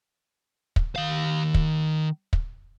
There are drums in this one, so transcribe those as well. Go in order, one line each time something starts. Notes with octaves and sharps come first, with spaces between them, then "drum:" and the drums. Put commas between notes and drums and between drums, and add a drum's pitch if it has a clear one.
drum: kick
D#3 F5
drum: kick
drum: kick